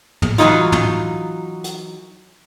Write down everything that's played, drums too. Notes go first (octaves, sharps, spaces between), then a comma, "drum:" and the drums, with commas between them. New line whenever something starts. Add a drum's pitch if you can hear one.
drum: tom
E3 F#3 C4 C#4 D#4 F4, drum: snare
drum: tom
drum: hi-hat